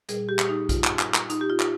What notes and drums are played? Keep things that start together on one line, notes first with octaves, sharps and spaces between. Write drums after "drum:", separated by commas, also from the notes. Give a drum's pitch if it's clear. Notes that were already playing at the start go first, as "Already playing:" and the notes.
A#2 G3 G#4, drum: hi-hat
G4
drum: clap
D#4
F4, drum: kick A#1, hi-hat
drum: clap
drum: clap
drum: clap
D#4, drum: hi-hat
G4
F4
drum: clap